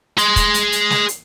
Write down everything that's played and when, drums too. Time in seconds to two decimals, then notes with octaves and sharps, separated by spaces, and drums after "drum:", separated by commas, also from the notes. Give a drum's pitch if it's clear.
0.18 G#4 C6, drum: hi-hat
0.36 drum: kick, hi-hat
0.54 drum: hi-hat
0.72 drum: hi-hat
0.90 drum: snare
1.08 drum: hi-hat